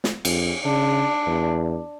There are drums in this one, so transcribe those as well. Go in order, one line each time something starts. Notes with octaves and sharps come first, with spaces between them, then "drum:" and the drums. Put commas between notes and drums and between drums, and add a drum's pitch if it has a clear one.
drum: snare
F2, drum: cymbal
C#3 D4
E2